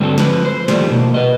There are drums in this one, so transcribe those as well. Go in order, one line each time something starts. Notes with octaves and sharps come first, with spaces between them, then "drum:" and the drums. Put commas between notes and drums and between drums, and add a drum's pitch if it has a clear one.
G2 D3 F#3 C4 G#4 A4
F3 B4, drum: snare
C5
A#2 D#3 F3 G3 A3, drum: snare
B2 A#3
B4 D#5